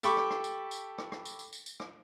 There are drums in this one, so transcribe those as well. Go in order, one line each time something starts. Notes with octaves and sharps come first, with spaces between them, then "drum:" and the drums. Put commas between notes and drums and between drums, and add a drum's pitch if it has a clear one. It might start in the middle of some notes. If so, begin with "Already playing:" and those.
G4 A4 G5 B5 C#6 D6, drum: tambourine
drum: rim click
drum: rim click
drum: tambourine
drum: tambourine
drum: rim click
drum: rim click
drum: tambourine
drum: tambourine
drum: tambourine
drum: tambourine
drum: rim click